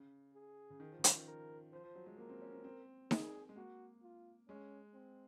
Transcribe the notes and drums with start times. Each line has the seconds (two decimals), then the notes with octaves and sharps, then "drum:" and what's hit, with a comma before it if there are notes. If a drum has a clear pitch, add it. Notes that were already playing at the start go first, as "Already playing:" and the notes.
Already playing: C#3
0.34 G#4
0.70 C#3
0.80 D#3
0.92 F3
0.99 C#3
1.04 D#3, drum: hi-hat
1.15 F3
1.27 A#4
1.73 F3 C5
1.84 F3
1.95 F#3
2.06 G#3
2.18 A#3 A#4
2.29 C4
2.41 C#4
2.52 C4
2.64 C4
3.11 G#4, drum: snare D#4
3.49 G#3
3.56 A#3 F#4
4.03 F4
4.48 G#3 C#4
4.94 C4